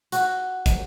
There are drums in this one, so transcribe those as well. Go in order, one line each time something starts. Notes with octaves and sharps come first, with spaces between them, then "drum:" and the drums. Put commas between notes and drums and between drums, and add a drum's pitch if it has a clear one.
F#4, drum: hi-hat
drum: kick, hi-hat